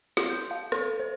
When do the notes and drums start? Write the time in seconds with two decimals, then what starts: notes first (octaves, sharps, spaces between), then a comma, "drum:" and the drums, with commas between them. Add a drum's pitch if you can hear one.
0.17 C6, drum: snare
0.30 G6
0.51 F5
0.72 A4, drum: rim click
1.00 C5